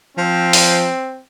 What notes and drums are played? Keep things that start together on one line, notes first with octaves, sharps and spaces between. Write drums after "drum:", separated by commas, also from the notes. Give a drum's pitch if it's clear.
F3 C4
drum: open hi-hat